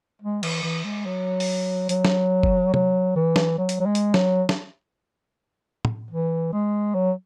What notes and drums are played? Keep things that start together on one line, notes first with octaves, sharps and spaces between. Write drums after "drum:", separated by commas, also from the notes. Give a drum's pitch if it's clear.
G#3
E3, drum: cymbal
E3
G#3
F#3
drum: open hi-hat
F#3, drum: hi-hat
drum: snare
drum: kick F#1
F#3, drum: tom
E3
drum: snare
F#3
drum: hi-hat
F#3
G#3
drum: hi-hat
F#3, drum: snare
drum: snare
drum: tom
E3
G#3
F#3